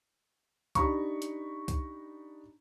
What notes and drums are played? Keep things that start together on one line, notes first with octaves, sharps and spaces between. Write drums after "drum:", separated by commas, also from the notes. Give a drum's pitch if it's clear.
D4 D#4 G4 A#5 B5 C#6, drum: kick C2, hi-hat
drum: hi-hat
drum: kick C2, hi-hat